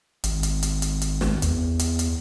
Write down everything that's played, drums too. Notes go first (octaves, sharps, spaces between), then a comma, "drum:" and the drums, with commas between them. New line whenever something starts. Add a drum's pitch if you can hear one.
G#1, drum: hi-hat
drum: hi-hat
drum: hi-hat
drum: hi-hat
drum: hi-hat
drum: snare
E2, drum: hi-hat
drum: hi-hat
drum: hi-hat